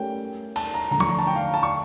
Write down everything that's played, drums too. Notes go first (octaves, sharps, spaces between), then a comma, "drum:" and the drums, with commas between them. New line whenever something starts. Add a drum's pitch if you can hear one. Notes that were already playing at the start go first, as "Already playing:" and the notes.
Already playing: A3 C#4 G4 A#4 G5
A5, drum: cymbal
A#5
D3 F3 A3 A#5
C#6, drum: tom F3
A#5
A5
G5
F5
A5
C#6